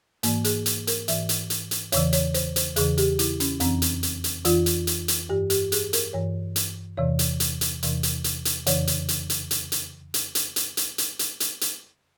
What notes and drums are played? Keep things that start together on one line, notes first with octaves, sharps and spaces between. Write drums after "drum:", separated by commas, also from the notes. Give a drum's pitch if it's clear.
G#2 E3 A#3, drum: hi-hat
G#4, drum: hi-hat
drum: hi-hat
A#4, drum: hi-hat
G#2 E3 E5, drum: hi-hat
drum: hi-hat
drum: hi-hat
drum: hi-hat
E2 C#3 E3 C#5, drum: hi-hat
C#5, drum: hi-hat
C5, drum: hi-hat
C5, drum: hi-hat
E2 C#3 E3 G#4, drum: hi-hat
G4, drum: hi-hat
E4, drum: hi-hat
C#4, drum: hi-hat
F2 E3 C4, drum: hi-hat
drum: hi-hat
drum: hi-hat
drum: hi-hat
F2 E3 F4, drum: hi-hat
drum: hi-hat
drum: hi-hat
drum: hi-hat
G2 E3 G4
G4, drum: hi-hat
G#4, drum: hi-hat
A#4, drum: hi-hat
G2 E3 C#5
drum: hi-hat
E2 C3 E3 C#5
drum: hi-hat
drum: hi-hat
drum: hi-hat
E2 C3 E3, drum: hi-hat
drum: hi-hat
drum: hi-hat
drum: hi-hat
F2 C#3 E3 C#5, drum: hi-hat
drum: hi-hat
drum: hi-hat
drum: hi-hat
drum: hi-hat
drum: hi-hat
drum: hi-hat
drum: hi-hat
drum: hi-hat
drum: hi-hat
drum: hi-hat
drum: hi-hat
drum: hi-hat
drum: hi-hat